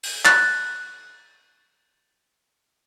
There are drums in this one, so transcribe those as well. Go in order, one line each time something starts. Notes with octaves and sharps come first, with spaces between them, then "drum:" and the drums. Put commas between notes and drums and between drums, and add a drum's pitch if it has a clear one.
drum: open hi-hat
F#6 A6, drum: clap